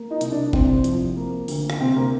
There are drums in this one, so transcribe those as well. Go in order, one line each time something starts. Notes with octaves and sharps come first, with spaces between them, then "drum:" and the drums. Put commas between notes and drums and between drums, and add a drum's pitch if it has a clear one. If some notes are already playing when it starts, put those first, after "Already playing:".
Already playing: A#3
D#4
C2, drum: hi-hat
D4
C3 C4, drum: kick
F3, drum: hi-hat
A#3
D2, drum: open hi-hat
drum: rim click
C3 C4
A#3